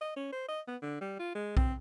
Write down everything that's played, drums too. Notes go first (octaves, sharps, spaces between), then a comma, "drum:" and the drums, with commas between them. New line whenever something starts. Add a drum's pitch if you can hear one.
D#5
C#4
C5
D#5
B3
D3
G3
F4
G#3
C4, drum: kick B1